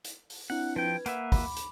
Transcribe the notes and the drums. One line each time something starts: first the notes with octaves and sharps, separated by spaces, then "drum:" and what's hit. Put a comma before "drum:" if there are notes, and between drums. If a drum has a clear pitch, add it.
drum: hi-hat
drum: open hi-hat
C4 D4 E4 F#5
F3 B4 G5 G#6
A#3 B4 E5 F#5, drum: hi-hat
B5 D6, drum: kick, open hi-hat
drum: hi-hat